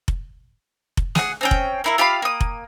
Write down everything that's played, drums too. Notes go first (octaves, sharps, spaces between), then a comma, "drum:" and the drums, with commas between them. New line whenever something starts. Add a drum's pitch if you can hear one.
drum: kick F1
drum: kick F1
G#4 F#5, drum: snare
C4 C#4 G5
drum: kick F1
A#3 E4 A#4
F4 G4 F5 B5
A#3 D#6
drum: kick F1